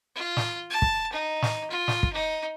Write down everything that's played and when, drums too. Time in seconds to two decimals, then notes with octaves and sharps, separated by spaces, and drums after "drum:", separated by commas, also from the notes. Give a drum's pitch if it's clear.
0.15 F4
0.37 drum: snare
0.70 A5
0.82 drum: kick
1.12 D#4
1.42 drum: snare
1.70 F4
1.88 drum: snare
2.03 drum: kick
2.13 D#4